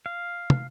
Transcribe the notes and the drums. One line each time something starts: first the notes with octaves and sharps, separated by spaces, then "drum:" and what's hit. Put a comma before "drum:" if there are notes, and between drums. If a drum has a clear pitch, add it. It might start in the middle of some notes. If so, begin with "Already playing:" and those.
F5
drum: tom